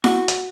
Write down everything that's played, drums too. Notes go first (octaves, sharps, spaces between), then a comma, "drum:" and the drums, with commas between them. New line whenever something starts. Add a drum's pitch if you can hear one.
F#4, drum: snare E4
drum: hi-hat